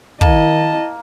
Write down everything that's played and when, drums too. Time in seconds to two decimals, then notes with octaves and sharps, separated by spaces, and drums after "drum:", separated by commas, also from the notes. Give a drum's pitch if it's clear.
0.21 D#3 A#3 E4 D#5 A5, drum: kick